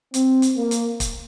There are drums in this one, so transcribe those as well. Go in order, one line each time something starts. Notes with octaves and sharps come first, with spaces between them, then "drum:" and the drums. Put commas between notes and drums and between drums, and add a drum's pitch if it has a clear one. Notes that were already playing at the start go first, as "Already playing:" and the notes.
C4, drum: hi-hat
drum: hi-hat
A#3
drum: hi-hat
drum: kick, hi-hat